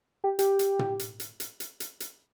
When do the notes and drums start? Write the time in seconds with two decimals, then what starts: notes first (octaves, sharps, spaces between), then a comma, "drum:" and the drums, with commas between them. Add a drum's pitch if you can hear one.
0.24 G4
0.39 G4, drum: hi-hat
0.59 drum: hi-hat
0.79 drum: tom
0.99 drum: hi-hat
1.20 drum: hi-hat
1.40 drum: hi-hat
1.60 drum: hi-hat
1.80 drum: hi-hat
2.00 drum: hi-hat